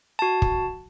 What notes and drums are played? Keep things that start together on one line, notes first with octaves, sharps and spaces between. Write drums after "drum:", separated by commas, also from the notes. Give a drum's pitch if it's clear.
F#4 A5
drum: kick